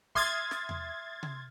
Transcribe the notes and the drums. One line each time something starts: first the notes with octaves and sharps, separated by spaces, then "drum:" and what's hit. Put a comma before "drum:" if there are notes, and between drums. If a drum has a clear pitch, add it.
E5 C6 D#6 F6 G#6 A6, drum: kick
drum: snare
drum: tom E2
drum: tom C3